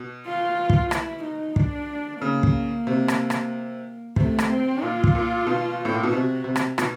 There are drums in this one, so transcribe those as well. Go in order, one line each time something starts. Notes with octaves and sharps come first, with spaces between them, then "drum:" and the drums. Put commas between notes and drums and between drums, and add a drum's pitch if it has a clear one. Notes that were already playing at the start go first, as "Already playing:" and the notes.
Already playing: B2
F4
drum: kick
E4, drum: rim click
D#4
D4, drum: kick
C#3 A#3
drum: kick
C3
drum: rim click
drum: rim click
C3 A3, drum: kick
drum: rim click
C4
A#2 F4
drum: kick
A#2
B2
A2
A#2
B2
C3 F#4
C3
drum: rim click
B2, drum: rim click